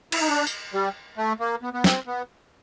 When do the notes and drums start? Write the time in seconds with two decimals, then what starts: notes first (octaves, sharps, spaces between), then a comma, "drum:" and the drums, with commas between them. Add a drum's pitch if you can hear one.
0.12 E4, drum: cymbal
0.21 D#4
0.29 D4
0.47 drum: tambourine
0.73 G3
1.17 A3
1.40 A#3
1.62 B3
1.74 B3
1.84 C4, drum: snare
2.07 B3